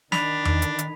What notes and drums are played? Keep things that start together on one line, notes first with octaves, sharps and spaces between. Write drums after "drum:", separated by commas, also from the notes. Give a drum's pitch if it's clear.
D#3 D4 B5 B6 F7, drum: snare
drum: tom E2
drum: hi-hat
drum: hi-hat